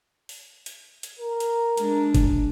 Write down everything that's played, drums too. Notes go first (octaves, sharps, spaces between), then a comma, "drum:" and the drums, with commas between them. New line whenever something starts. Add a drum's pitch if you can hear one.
drum: open hi-hat
drum: hi-hat
drum: hi-hat
A#4
drum: hi-hat
G#3 D4, drum: hi-hat
drum: kick F#1, hi-hat